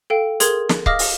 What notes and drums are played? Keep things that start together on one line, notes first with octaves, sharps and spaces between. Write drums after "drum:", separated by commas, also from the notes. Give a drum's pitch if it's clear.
A4 F5 G5
G#4 A#4 C6 D#6 G#6, drum: hi-hat
drum: snare
D#5 F5 D6 D#6 F6 A#6, drum: kick C#1
drum: open hi-hat